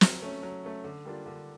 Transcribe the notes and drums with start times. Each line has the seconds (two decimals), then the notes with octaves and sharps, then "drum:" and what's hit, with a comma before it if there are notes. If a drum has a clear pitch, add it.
0.01 F#3, drum: snare
0.22 A3 C#4
0.43 F#3
0.64 A3 C#4
0.84 D3
1.05 G3 A#3 D4 F4
1.26 D3